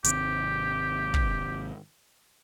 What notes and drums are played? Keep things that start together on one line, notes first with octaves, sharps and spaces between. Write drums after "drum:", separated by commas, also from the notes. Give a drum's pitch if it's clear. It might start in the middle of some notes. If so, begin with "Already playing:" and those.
G#1 C3 G4, drum: hi-hat
drum: kick